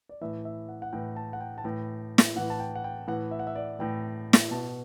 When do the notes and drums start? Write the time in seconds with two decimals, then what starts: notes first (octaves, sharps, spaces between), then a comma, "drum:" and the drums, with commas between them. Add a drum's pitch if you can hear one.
0.09 D5
0.21 A2 E3 E5
0.45 E5
0.69 F#5
0.82 F#5
0.93 A2 E3 G5
1.16 A5
1.33 F#5
1.41 G5
1.58 A5
1.64 A2 E3 G5
2.18 drum: snare
2.36 A2 E3 F#5
2.50 A5
2.60 G5
2.75 F#5
2.84 G5
3.07 A2 E3 F#5
3.31 E5
3.39 F#5
3.47 E5
3.55 D5
3.79 A2 E3 G5
4.33 drum: snare
4.51 B2 A5